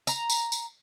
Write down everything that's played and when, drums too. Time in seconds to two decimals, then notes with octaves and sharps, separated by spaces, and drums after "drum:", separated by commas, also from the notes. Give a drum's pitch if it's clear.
0.07 A#5, drum: tambourine
0.30 drum: tambourine
0.52 drum: tambourine